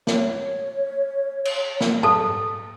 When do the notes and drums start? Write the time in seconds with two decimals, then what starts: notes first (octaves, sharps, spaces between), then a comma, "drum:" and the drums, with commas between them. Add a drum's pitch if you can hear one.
0.07 C#5, drum: snare
1.45 drum: cymbal
1.81 drum: snare
2.03 A4 A5, drum: tom G#2